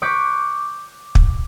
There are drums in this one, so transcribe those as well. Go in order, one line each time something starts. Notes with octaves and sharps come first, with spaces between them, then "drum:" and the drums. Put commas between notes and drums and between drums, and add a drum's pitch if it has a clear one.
C#6 D6 F#6 G6 B6
drum: kick